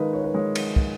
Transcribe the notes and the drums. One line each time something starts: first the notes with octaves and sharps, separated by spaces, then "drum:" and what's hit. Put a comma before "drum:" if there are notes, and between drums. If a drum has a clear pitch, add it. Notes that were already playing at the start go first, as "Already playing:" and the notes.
Already playing: D#3 G#3 B4 D#5 F5
C#5
B4
G#3 C#5
drum: cymbal
drum: kick